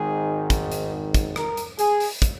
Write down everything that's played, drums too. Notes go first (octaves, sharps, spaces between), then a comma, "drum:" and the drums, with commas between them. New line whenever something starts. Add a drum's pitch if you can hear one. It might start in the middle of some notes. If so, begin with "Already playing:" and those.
Already playing: G#1 G#2 D#3 G#4
drum: kick, hi-hat
drum: hi-hat
drum: kick, hi-hat
A#4, drum: rim click
drum: hi-hat
G#4, drum: hi-hat
drum: open hi-hat
drum: kick, hi-hat